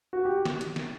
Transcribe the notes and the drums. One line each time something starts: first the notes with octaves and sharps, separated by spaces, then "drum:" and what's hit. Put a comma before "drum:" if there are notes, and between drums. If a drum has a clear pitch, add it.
F#4
G4
drum: snare
drum: hi-hat
drum: snare